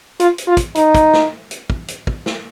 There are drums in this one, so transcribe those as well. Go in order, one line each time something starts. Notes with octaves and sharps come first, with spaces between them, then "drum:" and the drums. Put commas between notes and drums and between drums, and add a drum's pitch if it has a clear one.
F4, drum: hi-hat
drum: hi-hat
F4
drum: kick, hi-hat
D#4, drum: hi-hat
drum: kick, hi-hat
drum: snare
drum: hi-hat
drum: kick
drum: hi-hat
drum: kick
drum: snare